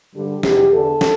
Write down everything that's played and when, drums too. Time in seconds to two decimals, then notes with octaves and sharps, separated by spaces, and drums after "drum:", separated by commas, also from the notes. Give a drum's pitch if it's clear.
0.15 G2 D3 G4
0.43 E2 B2 G4, drum: snare
0.72 E2 D3 A4
1.01 drum: snare